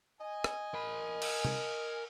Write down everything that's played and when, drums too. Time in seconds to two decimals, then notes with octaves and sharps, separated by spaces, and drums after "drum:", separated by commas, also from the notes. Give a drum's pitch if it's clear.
0.19 D#5 G#5
0.44 drum: rim click
0.74 A#4 B5
1.22 drum: cymbal
1.45 drum: tom C3